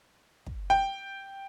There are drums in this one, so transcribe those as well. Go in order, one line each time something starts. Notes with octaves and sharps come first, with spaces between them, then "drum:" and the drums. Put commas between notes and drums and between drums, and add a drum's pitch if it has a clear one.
drum: kick
G5